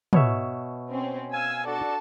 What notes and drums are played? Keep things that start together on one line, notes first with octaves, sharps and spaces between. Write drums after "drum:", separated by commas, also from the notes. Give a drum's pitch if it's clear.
B2 C#5 E5, drum: tom
C4 C#4
F5 G#5 E6
D4 F#4 A4 D5 A5